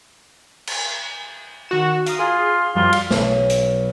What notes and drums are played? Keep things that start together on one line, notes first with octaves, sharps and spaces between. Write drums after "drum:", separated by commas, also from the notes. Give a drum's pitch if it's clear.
drum: cymbal
D#3 F#4 E7
F5 A#5 D#6, drum: hi-hat
F4 G#4 C7
F#2 F3 G3 F4
drum: cymbal
B1, drum: snare
drum: hi-hat